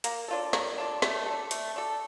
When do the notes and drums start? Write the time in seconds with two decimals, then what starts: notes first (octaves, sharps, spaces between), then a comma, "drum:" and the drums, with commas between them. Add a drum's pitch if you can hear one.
0.04 A#3, drum: hi-hat
0.28 D4 F4 A4
0.53 A#3, drum: snare
0.78 D4 F4 A4
1.02 A3, drum: snare
1.26 D4 A4
1.51 A3, drum: hi-hat
1.76 D4 A4